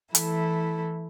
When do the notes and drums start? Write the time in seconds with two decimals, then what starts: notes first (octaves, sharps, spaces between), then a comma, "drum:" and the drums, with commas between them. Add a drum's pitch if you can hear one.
0.15 E3 A3 E4, drum: hi-hat